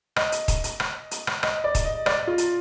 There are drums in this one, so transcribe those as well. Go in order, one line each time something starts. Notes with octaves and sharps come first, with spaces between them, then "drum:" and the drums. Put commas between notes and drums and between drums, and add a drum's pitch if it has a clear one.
D#5, drum: rim click
drum: hi-hat
drum: kick D#1, hi-hat
drum: hi-hat
drum: rim click
drum: hi-hat
drum: rim click
D#5, drum: rim click
D5
drum: kick D#1, hi-hat
D#5
D5, drum: rim click
F4
drum: hi-hat